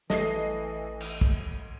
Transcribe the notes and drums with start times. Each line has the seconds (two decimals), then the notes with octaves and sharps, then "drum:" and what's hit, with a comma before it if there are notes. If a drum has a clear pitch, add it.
0.10 A1 E3 A3 D#5 C7, drum: snare
1.01 drum: cymbal
1.21 drum: kick